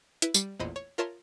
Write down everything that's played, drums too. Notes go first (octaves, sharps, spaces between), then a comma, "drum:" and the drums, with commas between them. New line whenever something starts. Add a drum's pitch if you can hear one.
E4 B4, drum: hi-hat
G3, drum: tambourine
A1 E2 A#2 C5 D#5 B5
C#5
F4 A#4 C#5 E5 A5 C6